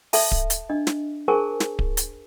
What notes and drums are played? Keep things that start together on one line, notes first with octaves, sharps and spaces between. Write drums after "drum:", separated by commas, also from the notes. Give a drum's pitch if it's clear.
A4 E5 A5, drum: open hi-hat
drum: kick D1
drum: hi-hat
D4 D#5
drum: snare
G#4 A#4 C5 G#5 A5 C#6
drum: snare
drum: kick D1
drum: hi-hat